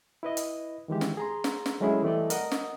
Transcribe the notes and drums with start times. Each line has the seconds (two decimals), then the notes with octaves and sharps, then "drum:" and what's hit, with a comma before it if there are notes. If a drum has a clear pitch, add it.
0.23 E4 B4 D#5
0.37 drum: hi-hat
0.88 D#3 E3 G#3 G4
1.01 drum: snare
1.17 G#4 A#5 C6
1.44 drum: snare
1.66 drum: snare
1.80 F#3 G#3 A3 C#4 E4 G#4
2.03 E3 G3 A3 C4 D5 D#5
2.30 A#4 D#5 F#5 D#6, drum: hi-hat
2.52 drum: snare